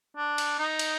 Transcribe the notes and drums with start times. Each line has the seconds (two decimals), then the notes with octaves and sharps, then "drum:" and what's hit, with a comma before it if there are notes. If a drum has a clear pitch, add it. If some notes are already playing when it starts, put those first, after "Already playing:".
0.17 D4
0.38 drum: cymbal
0.59 D#4
0.79 drum: cymbal